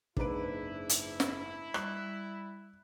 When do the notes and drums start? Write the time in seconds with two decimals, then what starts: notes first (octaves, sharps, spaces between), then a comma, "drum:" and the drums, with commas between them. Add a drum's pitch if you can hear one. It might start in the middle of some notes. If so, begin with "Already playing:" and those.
0.17 F#1 G#2 D4 E4 B4 D7, drum: kick
0.89 drum: hi-hat
1.20 drum: snare
1.74 G3 F#6, drum: rim click